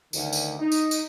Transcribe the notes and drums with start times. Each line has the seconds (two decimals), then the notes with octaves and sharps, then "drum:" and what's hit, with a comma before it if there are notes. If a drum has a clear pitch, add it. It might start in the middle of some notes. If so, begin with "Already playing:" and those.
0.13 D2 D#3, drum: tambourine
0.33 drum: tambourine
0.57 D#4
0.72 drum: tambourine
0.91 drum: tambourine